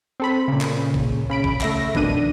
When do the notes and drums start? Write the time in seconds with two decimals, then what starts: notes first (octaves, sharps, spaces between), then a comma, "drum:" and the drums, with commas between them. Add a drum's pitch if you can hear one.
0.20 C4 A4 B5
0.48 A#2 C#3
0.61 drum: clap
0.94 drum: kick
1.30 C#3 B5 D7
1.44 drum: kick
1.61 A3 E5 A#6, drum: clap
1.95 F2 B2 D#3 D4 D#7, drum: kick